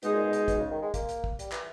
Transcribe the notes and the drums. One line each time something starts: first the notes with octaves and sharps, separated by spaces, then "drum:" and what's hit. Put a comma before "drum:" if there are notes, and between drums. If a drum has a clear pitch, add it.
B2 G#3 D#4 G#4, drum: hi-hat
A#2
B2
drum: hi-hat
B2, drum: kick, hi-hat
C#3
D#3
G#3
A#3, drum: kick, hi-hat
drum: hi-hat
drum: kick
G3, drum: hi-hat
E3, drum: clap